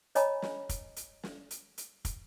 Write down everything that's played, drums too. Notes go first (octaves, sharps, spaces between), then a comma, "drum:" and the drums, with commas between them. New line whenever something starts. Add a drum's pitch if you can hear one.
C#5 D#5 G#5 A#5 B5, drum: hi-hat
drum: snare
drum: kick, hi-hat
drum: hi-hat
drum: snare
drum: hi-hat
drum: hi-hat
drum: kick, hi-hat